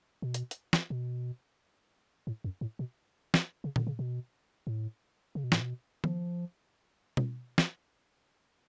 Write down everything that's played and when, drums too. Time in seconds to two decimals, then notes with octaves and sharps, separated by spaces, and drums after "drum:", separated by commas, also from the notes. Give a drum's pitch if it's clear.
0.22 B2
0.34 drum: hi-hat
0.51 drum: hi-hat
0.73 drum: snare
0.90 B2
2.27 A2
2.44 F#2
2.61 A2
2.79 B2
3.34 drum: snare
3.64 C#3
3.76 D3, drum: tom A#2
3.87 C#3
3.99 B2
4.67 A2
5.35 C#3
5.44 B2
5.52 A2, drum: snare
5.61 B2
6.04 F3, drum: tom
7.17 drum: tom B2
7.58 drum: snare